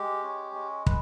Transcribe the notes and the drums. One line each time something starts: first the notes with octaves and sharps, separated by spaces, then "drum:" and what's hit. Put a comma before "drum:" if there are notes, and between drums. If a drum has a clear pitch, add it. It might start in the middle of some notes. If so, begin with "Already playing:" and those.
Already playing: G#3 G4
C#4
G#3
B4, drum: kick